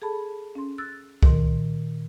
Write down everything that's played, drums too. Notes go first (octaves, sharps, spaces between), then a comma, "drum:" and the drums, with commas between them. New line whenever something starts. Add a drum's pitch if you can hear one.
G#4 A4 A5 B5
C#4 C6
E6 F#6 A6
A#2 D#3 A#4 C6, drum: kick C2